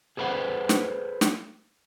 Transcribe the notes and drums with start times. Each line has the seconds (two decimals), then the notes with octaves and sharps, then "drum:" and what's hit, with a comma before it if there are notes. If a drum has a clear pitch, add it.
0.17 G#4 A4 B4 C5 F#5
0.69 drum: snare
1.21 drum: snare